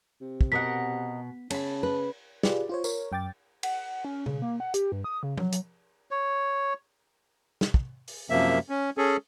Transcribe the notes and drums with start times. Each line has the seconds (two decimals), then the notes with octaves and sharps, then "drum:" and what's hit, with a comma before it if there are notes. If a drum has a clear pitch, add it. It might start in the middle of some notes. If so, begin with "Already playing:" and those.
0.21 C3
0.41 drum: kick
0.52 B2 A#4 D#5 F#5 B6
1.50 C#3 C#4 A5 B5, drum: cymbal
1.83 B4
2.43 F4 G4 G#4 B4 D5, drum: snare
2.69 F4 C5 C#5
2.84 A#4 C#5, drum: tambourine
3.12 F#2 G5 D6 A6
3.63 F#5, drum: cymbal
4.05 C#4
4.26 C#3, drum: tom B2
4.42 A#3
4.60 F#5
4.74 G4, drum: hi-hat
4.92 G2
5.04 D#6
5.23 C#3
5.38 F#3, drum: tom F3
5.52 drum: hi-hat
6.11 C#5
7.61 drum: snare
7.74 drum: kick
8.08 drum: open hi-hat
8.30 F#2 C3 F3 A#3 E5
8.70 C#4
8.98 C#4 G#4 A4